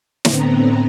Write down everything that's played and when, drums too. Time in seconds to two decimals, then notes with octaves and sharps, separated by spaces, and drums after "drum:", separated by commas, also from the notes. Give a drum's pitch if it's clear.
0.25 A2 D3 B3 C4 A#5, drum: snare